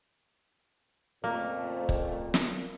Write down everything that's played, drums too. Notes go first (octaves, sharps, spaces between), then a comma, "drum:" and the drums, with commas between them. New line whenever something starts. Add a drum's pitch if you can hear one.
F2 A#2 C#3 A3 A#3
drum: kick
drum: snare